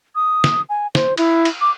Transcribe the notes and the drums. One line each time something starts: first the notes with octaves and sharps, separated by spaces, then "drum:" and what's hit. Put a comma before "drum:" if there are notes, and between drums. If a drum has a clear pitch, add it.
D#6
drum: snare
G#5
C5, drum: snare
E4, drum: cymbal
drum: cymbal
D6